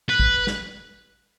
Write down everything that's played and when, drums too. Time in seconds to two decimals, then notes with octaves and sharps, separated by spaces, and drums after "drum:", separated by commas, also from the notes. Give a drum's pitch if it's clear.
0.09 B4
0.20 drum: kick
0.47 drum: snare